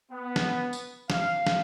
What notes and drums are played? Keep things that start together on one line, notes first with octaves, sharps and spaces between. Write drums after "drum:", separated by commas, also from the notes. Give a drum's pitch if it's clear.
B3
drum: snare
drum: tambourine
F5, drum: snare
drum: snare